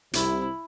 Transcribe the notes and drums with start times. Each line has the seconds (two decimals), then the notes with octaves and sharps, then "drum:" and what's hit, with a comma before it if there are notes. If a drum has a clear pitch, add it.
0.13 C2 C3 E4, drum: hi-hat